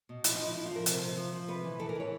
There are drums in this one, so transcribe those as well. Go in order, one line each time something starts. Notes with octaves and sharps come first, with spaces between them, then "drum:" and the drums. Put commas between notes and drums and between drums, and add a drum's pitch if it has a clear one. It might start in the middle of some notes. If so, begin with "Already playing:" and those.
B2
F3 E4, drum: hi-hat
D#4
F3
E4
F3 E4
F4
F3 A#4
C3 C5, drum: hi-hat
C3
F3
F3
C3 B4
E3
E3 A4
A#4
E3 C#5